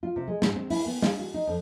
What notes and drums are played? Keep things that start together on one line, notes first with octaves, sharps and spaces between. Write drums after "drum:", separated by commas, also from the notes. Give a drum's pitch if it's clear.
F4
C3
G#3
G#2, drum: snare
C4
E4, drum: open hi-hat
B3
F5, drum: snare
F#4
D#4
F2